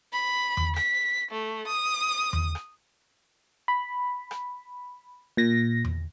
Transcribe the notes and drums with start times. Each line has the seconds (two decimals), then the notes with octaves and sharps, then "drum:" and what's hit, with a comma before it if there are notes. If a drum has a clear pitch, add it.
0.13 B5
0.57 drum: tom E2
0.76 B6, drum: rim click
1.31 A3
1.67 D#6
2.33 drum: tom E2
2.55 drum: rim click
3.68 B5
4.31 drum: rim click
5.37 A#2 A#6
5.85 drum: tom E2